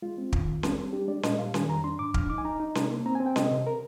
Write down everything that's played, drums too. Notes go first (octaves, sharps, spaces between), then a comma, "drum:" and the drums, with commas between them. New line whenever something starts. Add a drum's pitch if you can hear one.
G#3 F4
C4
D#3, drum: kick
F2
C4, drum: snare C#4
G3
D4 G4
G#3 D5
A#2 D#5, drum: snare C#4
G3 F5
D#3 G#5, drum: snare C#4
F2 A#5
D4 C6
G#2 D6
F3 F6, drum: kick
D#4 D6
G#5
D#4 A#5
D#4
C3, drum: snare C#4
A#3
C4 A#5
G#5
C4
G5
C3 D#5, drum: snare C#4
C3
A#4